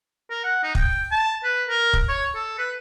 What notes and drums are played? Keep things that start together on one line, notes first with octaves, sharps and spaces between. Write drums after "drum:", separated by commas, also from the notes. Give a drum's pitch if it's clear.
A#4
F#5
D#4
G5, drum: kick
A5
B4
A#4
drum: kick
C#5
A4
B4